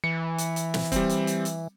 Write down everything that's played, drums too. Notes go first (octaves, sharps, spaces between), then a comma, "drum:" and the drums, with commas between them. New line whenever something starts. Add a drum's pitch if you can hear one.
E3 C#7
drum: hi-hat
drum: hi-hat
drum: snare
G3 C4, drum: kick, hi-hat
drum: hi-hat
drum: hi-hat
drum: hi-hat